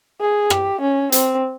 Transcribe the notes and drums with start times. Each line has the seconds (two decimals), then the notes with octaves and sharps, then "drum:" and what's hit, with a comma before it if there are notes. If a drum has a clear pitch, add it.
0.21 G#4
0.50 G4, drum: rim click
0.81 C#4
1.12 C4, drum: hi-hat